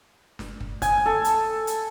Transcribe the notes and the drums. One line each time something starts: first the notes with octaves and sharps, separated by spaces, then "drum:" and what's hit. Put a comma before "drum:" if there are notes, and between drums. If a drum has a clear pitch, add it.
drum: snare
drum: kick
G#5, drum: kick, hi-hat
A4
drum: hi-hat
drum: hi-hat